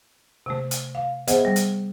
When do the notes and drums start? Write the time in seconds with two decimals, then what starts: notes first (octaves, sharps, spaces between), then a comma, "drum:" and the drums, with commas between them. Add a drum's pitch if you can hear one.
0.46 C3 A3
0.71 drum: hi-hat
0.95 F5
1.28 B3 G#4 C5 D#5 E5 F#5, drum: hi-hat
1.45 G3
1.56 drum: hi-hat